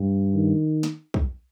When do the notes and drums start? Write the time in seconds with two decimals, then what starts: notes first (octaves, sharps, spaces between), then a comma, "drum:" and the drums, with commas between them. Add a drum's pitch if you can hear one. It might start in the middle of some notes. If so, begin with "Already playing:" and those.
Already playing: G2
0.34 D#3
0.83 drum: snare
1.14 drum: kick